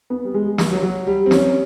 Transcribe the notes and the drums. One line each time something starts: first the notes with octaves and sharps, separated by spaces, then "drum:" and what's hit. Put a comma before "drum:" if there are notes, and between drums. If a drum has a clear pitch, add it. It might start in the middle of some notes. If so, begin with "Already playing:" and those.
B3
G3
G#3
G3, drum: snare
F#3
F#3
G3
C4
C#4, drum: snare